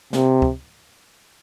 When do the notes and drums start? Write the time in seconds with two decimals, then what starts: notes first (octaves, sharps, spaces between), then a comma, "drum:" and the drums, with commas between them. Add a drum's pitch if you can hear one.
0.13 C3, drum: snare
0.42 drum: kick